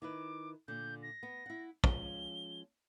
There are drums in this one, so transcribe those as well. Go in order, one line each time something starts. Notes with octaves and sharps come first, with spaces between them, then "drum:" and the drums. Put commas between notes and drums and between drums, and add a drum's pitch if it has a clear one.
D#3 E4 B4 D6
A#2 D3 G6
A#6
B3
E4 F#5
F3 G#3 C#4 G7, drum: kick